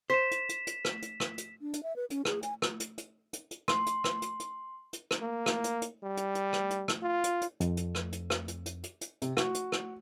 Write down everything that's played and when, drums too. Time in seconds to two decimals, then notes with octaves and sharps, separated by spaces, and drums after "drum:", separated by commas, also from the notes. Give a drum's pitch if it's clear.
0.10 C5 B6 E7
0.31 drum: hi-hat
0.49 drum: hi-hat
0.67 drum: hi-hat
0.85 drum: rim click
1.02 drum: hi-hat
1.20 drum: rim click
1.38 drum: hi-hat
1.60 D4
1.73 drum: hi-hat
1.83 E5
1.96 B4
2.10 C#4, drum: hi-hat
2.25 G#4, drum: rim click
2.42 G#5, drum: hi-hat
2.62 drum: rim click
2.80 drum: hi-hat
2.98 drum: hi-hat
3.33 drum: hi-hat
3.51 drum: hi-hat
3.68 C6, drum: rim click
3.86 drum: hi-hat
4.04 drum: rim click
4.22 drum: hi-hat
4.40 drum: hi-hat
4.93 drum: hi-hat
5.11 drum: rim click
5.22 A#3
5.46 drum: rim click
5.64 drum: hi-hat
5.82 drum: hi-hat
6.03 G3
6.17 drum: hi-hat
6.35 drum: hi-hat
6.53 drum: rim click
6.70 drum: hi-hat
6.88 drum: rim click
7.02 F4
7.24 drum: hi-hat
7.41 drum: hi-hat
7.60 F2, drum: hi-hat
7.77 drum: hi-hat
7.95 drum: rim click
8.12 drum: hi-hat
8.30 drum: rim click
8.48 drum: hi-hat
8.66 drum: hi-hat
8.83 drum: hi-hat
9.01 drum: hi-hat
9.22 C3, drum: hi-hat
9.37 F#4, drum: rim click
9.55 drum: hi-hat
9.72 drum: rim click